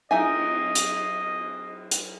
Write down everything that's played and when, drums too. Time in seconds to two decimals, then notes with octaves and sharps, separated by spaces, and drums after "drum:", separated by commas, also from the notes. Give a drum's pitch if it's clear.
0.11 D#4 D#5 E5 G#5, drum: cymbal
0.75 drum: hi-hat
1.91 drum: hi-hat